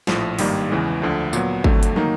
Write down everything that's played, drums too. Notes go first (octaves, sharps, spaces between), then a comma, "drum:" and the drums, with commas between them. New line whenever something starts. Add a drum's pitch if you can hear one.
A#1 A2 F3, drum: snare
G#1 G2 D#3 G3 A#3, drum: open hi-hat
E2 C#3 E3 G#3
D2 D3 F3
A#2 F#3 B3, drum: tambourine
F2 D3 F#3 A3, drum: kick G#1
drum: hi-hat
D#3 F#3 A#3 D#4, drum: tom